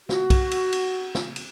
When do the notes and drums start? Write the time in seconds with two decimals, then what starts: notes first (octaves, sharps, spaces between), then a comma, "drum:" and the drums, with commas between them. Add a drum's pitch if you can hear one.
0.09 F#4, drum: snare
0.30 drum: kick B1, cymbal
0.51 drum: cymbal
0.73 drum: cymbal
1.15 drum: snare
1.36 drum: cymbal